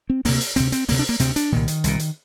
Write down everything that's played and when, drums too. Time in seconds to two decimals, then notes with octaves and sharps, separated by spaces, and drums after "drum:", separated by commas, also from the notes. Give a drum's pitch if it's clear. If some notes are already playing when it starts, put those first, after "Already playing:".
0.10 C4
0.25 D2 C3 A#3, drum: open hi-hat
0.41 drum: hi-hat
0.56 D2 C3 C4, drum: hi-hat
0.72 C4, drum: hi-hat
0.88 D2 C3 A#3, drum: open hi-hat
0.99 D4
1.09 A#3
1.19 D2 C3 C4, drum: hi-hat
1.36 D4, drum: hi-hat
1.52 C2 A#2 D#3
1.68 drum: hi-hat
1.84 C2 A#2, drum: hi-hat
1.99 drum: hi-hat